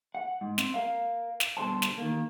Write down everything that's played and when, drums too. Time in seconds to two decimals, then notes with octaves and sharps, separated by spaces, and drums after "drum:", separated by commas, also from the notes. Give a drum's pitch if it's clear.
0.15 F#5
0.41 G#2
0.58 C4, drum: snare
0.74 A#4 F5
1.40 drum: snare
1.57 G2 B2 D3 C5 A5
1.82 drum: snare
1.98 D#3 A#3